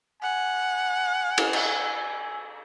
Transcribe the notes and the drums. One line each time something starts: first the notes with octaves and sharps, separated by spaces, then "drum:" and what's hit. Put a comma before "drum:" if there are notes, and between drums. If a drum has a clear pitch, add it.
F#5 G#5
drum: cymbal
drum: cymbal